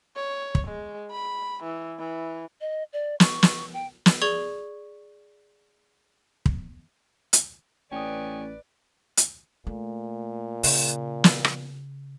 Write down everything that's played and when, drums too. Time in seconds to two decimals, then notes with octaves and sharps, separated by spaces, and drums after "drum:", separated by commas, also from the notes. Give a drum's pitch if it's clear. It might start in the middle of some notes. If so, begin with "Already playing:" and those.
0.16 C#5
0.55 drum: kick
0.68 G#3
1.11 B5
1.64 E3
1.99 E3
2.61 D#5
2.93 D5
3.20 C#6, drum: snare
3.43 drum: snare
3.73 G5
4.06 drum: snare
4.22 G#4 D5 C#6 G#6 F7 G7
6.46 drum: kick
7.33 drum: hi-hat
7.92 A1 C#4 B4 D5 G5 D#6
9.17 drum: hi-hat
9.67 A#2 A3
10.63 C#3, drum: open hi-hat
11.24 drum: snare
11.45 drum: rim click